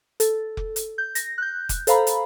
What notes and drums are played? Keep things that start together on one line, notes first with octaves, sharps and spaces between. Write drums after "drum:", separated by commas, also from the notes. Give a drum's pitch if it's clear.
A4, drum: hi-hat
drum: kick F1
drum: hi-hat
G6
A#6, drum: hi-hat
F#6 G6
drum: kick F1, hi-hat
A4 C5 F5 A#5 B5, drum: hi-hat
drum: hi-hat